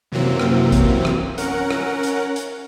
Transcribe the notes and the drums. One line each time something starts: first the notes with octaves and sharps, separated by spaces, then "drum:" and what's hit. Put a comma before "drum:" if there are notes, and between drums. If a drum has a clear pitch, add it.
F#2 C3 E3 F#3 A#3 C4
drum: rim click
drum: kick, hi-hat
drum: rim click
C#4 A#4 F#5, drum: hi-hat
drum: rim click
drum: hi-hat
drum: hi-hat